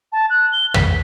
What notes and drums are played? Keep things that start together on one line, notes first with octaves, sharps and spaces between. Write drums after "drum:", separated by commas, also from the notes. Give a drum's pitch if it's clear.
A5
F#6
G7
B6, drum: tom